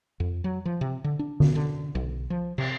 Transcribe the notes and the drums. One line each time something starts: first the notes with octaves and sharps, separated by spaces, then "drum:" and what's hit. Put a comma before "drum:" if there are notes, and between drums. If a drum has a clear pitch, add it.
F2
F#3
F3
C3
D3
D4
drum: tom D3
D3
B1
F3
C3, drum: cymbal